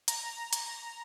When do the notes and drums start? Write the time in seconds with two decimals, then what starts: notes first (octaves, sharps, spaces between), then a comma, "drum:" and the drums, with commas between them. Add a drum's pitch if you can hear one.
0.08 A#5, drum: hi-hat
0.53 drum: hi-hat
0.66 A#5